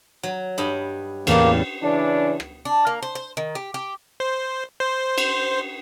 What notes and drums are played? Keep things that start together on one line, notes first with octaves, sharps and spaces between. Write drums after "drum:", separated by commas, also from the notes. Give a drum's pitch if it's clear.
F#3
G2 D#5 B5
E2 A2 C#3 G3 A#3, drum: cymbal
C#3 E3 D4
drum: rim click
D4
A#3
C5
C5
D#3
G4
G4
C5
C5
drum: cymbal